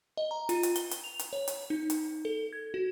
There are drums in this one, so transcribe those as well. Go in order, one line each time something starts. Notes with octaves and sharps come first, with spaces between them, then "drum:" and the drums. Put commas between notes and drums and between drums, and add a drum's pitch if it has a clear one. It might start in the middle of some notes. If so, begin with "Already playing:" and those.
D#5
A#5
F4, drum: hi-hat
drum: hi-hat
G7, drum: hi-hat
drum: hi-hat
F7
drum: hi-hat
C#5
drum: hi-hat
D#4
drum: hi-hat
A4
G#6
F#4